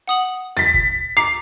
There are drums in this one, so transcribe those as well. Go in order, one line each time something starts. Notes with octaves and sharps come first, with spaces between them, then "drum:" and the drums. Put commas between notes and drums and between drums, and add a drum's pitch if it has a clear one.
F#5 D#6 F#7
A6 B6, drum: tom D#2
drum: kick
A#5 D6 C7